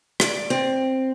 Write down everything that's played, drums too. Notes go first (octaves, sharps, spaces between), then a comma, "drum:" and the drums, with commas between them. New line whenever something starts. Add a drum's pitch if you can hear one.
D5, drum: rim click
C4